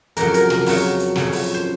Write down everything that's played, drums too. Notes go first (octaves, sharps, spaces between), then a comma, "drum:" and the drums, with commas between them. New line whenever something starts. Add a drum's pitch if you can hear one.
F2 C#3 F#3 A#4, drum: hi-hat
A#4, drum: hi-hat
A#4, drum: snare
F2 C#3 F#3, drum: open hi-hat
drum: hi-hat
F2 C#3 F#3, drum: snare
drum: open hi-hat
C5